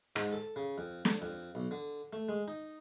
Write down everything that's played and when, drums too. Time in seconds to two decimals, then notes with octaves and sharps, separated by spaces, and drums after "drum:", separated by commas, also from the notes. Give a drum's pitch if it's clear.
0.16 G#2, drum: rim click
0.33 A4
0.56 C#3
0.78 F2
1.05 A4, drum: snare
1.22 F2
1.55 B1
1.71 D3
2.13 A3
2.29 G#3
2.48 D#4